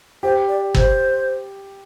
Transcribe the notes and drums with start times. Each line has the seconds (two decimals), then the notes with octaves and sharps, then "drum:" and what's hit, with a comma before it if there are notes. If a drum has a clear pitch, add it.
0.23 G4 C5
0.49 D5
0.75 C5, drum: kick